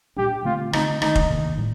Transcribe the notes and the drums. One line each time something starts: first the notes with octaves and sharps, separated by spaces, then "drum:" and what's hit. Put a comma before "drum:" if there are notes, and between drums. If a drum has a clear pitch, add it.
A#2 G3 D4 G4
D3 A3 C4 F4
D3 A3 C4 D#4, drum: rim click
D#3 A3 D4 D#4, drum: rim click
drum: kick F1
C3 D#3 A#3
A2 G3